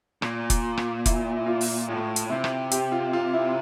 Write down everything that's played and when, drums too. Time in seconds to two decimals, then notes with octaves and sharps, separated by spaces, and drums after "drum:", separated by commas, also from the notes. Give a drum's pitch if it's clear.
0.22 A#2, drum: rim click
0.50 drum: kick F1, hi-hat
0.78 drum: rim click
1.06 E4, drum: kick F1, hi-hat
1.37 E4
1.46 F4
1.61 drum: open hi-hat
1.88 A2 F4
2.16 drum: hi-hat
2.29 C3 E4
2.44 drum: rim click
2.71 G4, drum: hi-hat
2.92 F4
3.13 F4
3.33 E4